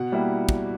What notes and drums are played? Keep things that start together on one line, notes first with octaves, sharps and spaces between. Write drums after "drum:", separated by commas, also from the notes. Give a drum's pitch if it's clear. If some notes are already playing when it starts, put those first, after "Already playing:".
Already playing: B2 F#5
G3 A#3 E4
drum: kick